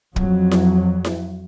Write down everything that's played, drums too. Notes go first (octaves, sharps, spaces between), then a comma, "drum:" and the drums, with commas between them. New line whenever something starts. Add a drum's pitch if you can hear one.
F2 F#3, drum: kick
drum: snare E4
drum: snare E4